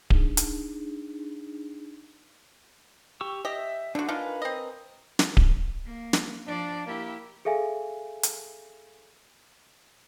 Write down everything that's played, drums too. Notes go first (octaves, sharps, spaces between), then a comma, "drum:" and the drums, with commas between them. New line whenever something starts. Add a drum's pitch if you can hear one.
D4 D#4 G#4, drum: kick D1
drum: hi-hat
G4 C#6 E6
G4 D#5 E5
D3 D4 F#4
D4 D#4 F4 A#4 B4 G#5
C4 D#5
drum: snare
drum: kick D1
A#3
drum: snare
F3 D4 D5
A#3 E4 G4
G#4 A4 E5 F5 G#5
drum: hi-hat